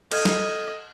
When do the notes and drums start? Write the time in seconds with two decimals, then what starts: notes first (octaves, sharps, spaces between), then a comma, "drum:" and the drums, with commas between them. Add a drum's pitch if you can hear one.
0.11 A4 D#5 F6 G#6, drum: cymbal
0.25 drum: snare